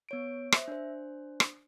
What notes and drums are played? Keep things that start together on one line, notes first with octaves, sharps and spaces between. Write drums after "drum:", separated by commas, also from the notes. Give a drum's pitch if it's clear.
B3 C#5 D7
C5 E5, drum: rim click
D4 C5
drum: rim click